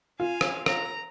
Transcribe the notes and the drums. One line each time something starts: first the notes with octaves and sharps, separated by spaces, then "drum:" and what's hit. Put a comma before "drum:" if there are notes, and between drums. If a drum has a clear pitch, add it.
F4 F5 G#5
drum: rim click
A#5, drum: rim click